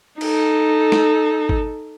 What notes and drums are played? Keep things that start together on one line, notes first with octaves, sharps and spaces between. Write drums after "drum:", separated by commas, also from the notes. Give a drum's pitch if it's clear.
D#4 A4, drum: cymbal
drum: snare
drum: kick